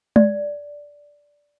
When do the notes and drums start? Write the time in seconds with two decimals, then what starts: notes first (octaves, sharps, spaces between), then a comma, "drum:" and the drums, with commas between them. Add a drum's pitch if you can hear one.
0.16 D5, drum: tom G#3